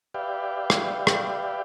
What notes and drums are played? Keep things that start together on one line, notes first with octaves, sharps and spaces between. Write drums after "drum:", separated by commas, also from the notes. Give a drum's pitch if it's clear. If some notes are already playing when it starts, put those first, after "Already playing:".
G4 B4 D5 E5 F5 G5
drum: rim click
drum: rim click